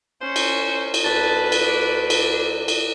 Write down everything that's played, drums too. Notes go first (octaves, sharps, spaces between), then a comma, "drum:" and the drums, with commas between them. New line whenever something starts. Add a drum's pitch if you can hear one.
C#4 C5
drum: cymbal
drum: cymbal
D2 B4 A5
drum: cymbal
D4
drum: cymbal
drum: cymbal